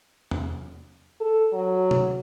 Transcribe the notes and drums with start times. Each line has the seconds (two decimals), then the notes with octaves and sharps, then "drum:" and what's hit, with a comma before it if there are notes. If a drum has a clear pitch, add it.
0.31 drum: tom E2
1.20 A4
1.53 F#3
1.91 drum: tom